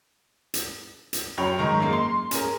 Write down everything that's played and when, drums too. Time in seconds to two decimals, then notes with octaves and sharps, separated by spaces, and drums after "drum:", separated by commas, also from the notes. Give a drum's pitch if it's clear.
0.54 drum: hi-hat
1.13 drum: hi-hat
1.37 F#2 F#3 C#5 G5 B5 F7
1.59 G#2 D#3 A#5 C#6
1.80 F#2 G#3 A#3 D#4
1.93 C6
2.31 C#4 G#4 A#4, drum: hi-hat